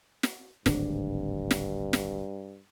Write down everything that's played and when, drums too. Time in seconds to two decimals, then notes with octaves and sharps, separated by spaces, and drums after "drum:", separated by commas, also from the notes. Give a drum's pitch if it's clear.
0.23 drum: snare
0.66 D1 G#1 G2 D4, drum: snare
1.51 drum: snare
1.93 drum: snare